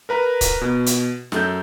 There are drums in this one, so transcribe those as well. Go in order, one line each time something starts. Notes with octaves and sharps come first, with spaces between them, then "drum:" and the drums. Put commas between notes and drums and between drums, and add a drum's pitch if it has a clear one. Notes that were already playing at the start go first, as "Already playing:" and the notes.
A#4 B4 A#5
drum: kick C#1, hi-hat
B2
drum: hi-hat
F#2 A4 G6, drum: snare